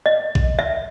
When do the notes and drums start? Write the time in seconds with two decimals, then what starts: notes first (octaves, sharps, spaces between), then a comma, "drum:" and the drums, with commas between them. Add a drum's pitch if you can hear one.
0.06 D#5
0.35 drum: kick A#1
0.59 E5